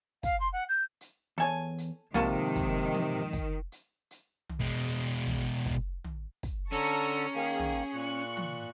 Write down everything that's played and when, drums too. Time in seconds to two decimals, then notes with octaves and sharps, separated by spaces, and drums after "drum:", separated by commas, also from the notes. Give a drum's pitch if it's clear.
0.23 F5, drum: kick, hi-hat
0.40 C6
0.53 F#5
0.69 G6
1.01 drum: hi-hat
1.38 E2 A4 C#5 G#5
1.78 drum: hi-hat
2.14 F2 G#2 C3 D#3 A#3 F4 F#4 A4, drum: tom
2.56 drum: kick, hi-hat
2.94 drum: tom
3.33 drum: kick, hi-hat
3.72 drum: hi-hat
4.11 drum: hi-hat
4.49 drum: tom
4.60 B2 G#3
4.88 drum: hi-hat
5.27 drum: tom
5.66 drum: kick, hi-hat
6.04 drum: tom
6.43 drum: kick, hi-hat
6.72 D3 C#4 A4 A5 A#5 C#6
6.82 drum: hi-hat
7.21 drum: hi-hat
7.35 D#3 A#3 G#4
7.59 drum: tom
7.94 A#2 C#6 F#6
8.37 drum: tom